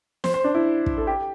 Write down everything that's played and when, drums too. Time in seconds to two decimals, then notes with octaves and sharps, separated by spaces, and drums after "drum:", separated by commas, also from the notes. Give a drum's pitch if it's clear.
0.24 C5, drum: snare
0.34 C5
0.44 D4
0.55 E4
0.86 drum: kick
0.97 A4
1.07 G4